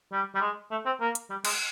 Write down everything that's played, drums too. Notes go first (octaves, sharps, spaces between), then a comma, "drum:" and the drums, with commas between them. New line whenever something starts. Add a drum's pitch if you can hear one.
G3
G3
G#3
A3
C4
A#3
drum: hi-hat
G3
G#3, drum: cymbal